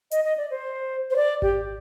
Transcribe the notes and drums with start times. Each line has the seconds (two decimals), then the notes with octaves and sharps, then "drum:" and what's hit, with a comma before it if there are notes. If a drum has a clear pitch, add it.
0.11 D#5, drum: hi-hat
0.25 D#5
0.37 D5
0.50 C5
1.11 C5
1.16 D5
1.42 G4, drum: kick G#1